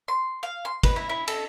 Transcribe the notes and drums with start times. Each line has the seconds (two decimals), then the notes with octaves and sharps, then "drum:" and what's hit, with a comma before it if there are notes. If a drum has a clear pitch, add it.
0.08 C6
0.43 F5
0.65 C6
0.83 B4, drum: kick, cymbal
0.96 E4
1.09 E4
1.28 A4, drum: cymbal